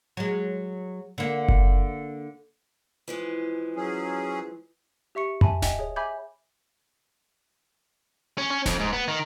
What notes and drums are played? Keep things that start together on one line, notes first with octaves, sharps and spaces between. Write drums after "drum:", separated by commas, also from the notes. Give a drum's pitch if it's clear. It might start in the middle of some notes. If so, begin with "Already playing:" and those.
F#3 G#3
D3 A#3
drum: kick F#1
E3 F3 G#3
F#3 C#4 G#4
G4 E5 C#6 C#7
E5 G#5 A5 B5, drum: tom F2
D#5 E5 G5 G#5, drum: snare D1
G#4 C#5
E5 G#5 B5 D6 G6 G#6
C#4
C#4
F2, drum: snare D1
G#2
B3
D#3